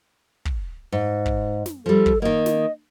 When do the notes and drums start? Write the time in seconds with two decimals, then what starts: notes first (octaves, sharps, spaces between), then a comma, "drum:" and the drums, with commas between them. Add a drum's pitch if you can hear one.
0.45 drum: kick
0.92 G#2
1.26 drum: kick
1.66 drum: snare
1.86 F3 G3 A4
2.06 drum: kick
2.22 D#3 A#3 D#5
2.46 drum: snare